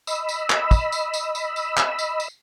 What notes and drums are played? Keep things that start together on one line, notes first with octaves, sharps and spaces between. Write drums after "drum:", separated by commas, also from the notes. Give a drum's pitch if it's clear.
D#5 B5 E6, drum: tambourine
drum: tambourine
drum: clap
drum: kick, tambourine
drum: tambourine
drum: tambourine
drum: tambourine
drum: tambourine
drum: clap
drum: tambourine
drum: tambourine